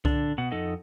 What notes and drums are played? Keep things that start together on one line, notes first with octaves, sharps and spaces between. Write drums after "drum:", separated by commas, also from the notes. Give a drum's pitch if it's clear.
D3 D4, drum: kick C2
B2 F#5
F2 D#4 A4 D#5 F#5